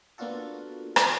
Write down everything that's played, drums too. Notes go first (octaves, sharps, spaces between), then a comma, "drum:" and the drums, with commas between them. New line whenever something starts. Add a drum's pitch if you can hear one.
A#3 B3 D4 F4 F#4 A4
drum: rim click